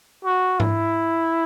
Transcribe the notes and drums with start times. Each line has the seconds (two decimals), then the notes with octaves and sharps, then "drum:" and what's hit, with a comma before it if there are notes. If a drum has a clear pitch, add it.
0.25 F#4
0.60 E4, drum: tom G#2